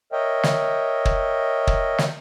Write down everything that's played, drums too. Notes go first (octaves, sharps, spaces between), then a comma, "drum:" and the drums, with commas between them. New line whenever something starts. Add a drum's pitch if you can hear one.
A#4 C#5 D#5 E5 G5
drum: snare
drum: kick
drum: kick
drum: snare